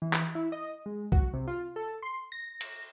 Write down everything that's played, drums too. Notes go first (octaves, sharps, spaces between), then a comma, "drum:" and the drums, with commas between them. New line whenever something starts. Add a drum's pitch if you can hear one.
E3
drum: clap
E4
D#5
G#3
F#4, drum: kick C2
C3
F4
A4
C6
A#6
drum: cymbal